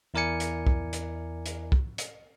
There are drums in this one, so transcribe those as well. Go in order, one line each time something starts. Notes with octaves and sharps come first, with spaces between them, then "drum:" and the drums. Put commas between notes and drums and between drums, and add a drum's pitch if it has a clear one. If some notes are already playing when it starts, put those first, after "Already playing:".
E2 E4 A#4 D5 G#5 C#7
drum: hi-hat
drum: kick C2
drum: hi-hat
drum: hi-hat
drum: kick C2
drum: hi-hat